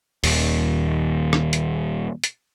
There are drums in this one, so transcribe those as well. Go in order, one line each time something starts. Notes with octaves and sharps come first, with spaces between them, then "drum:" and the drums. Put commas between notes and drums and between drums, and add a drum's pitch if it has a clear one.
D#1 D#2, drum: open hi-hat
drum: rim click
drum: hi-hat
drum: hi-hat